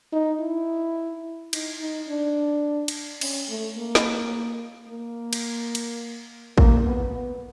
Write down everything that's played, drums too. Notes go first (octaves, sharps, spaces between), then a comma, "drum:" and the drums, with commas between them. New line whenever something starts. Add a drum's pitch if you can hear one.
D#4
E4
D#4, drum: cymbal
D#4
D4
drum: cymbal
C#4, drum: cymbal
A3
A#3
drum: snare
A#3
drum: cymbal
drum: cymbal
A#3, drum: kick A1
B3
B3